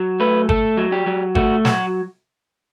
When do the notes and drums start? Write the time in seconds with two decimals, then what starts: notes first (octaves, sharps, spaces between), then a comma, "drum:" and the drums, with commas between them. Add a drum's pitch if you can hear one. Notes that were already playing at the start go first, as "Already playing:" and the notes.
Already playing: F#3
0.20 A3 B4
0.49 A3 A4, drum: kick G1
0.77 F#3
0.92 G4
1.06 F#3
1.35 A3 F#4, drum: kick G1
1.65 F#3 F#4, drum: snare